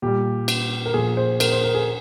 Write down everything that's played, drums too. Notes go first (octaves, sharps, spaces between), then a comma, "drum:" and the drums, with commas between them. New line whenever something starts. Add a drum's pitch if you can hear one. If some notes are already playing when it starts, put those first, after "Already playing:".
A#2 G3 G4
drum: cymbal
A#4
A#2 F3 G#4
C5
A#4, drum: cymbal
C5
A#4
G#4